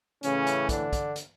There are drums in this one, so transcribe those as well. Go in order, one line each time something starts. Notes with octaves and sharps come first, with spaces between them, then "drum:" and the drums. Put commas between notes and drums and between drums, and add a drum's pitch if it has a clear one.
A2 C#3 E3 C#4, drum: hi-hat
drum: hi-hat
D3 D4, drum: kick, hi-hat
drum: kick, hi-hat
drum: hi-hat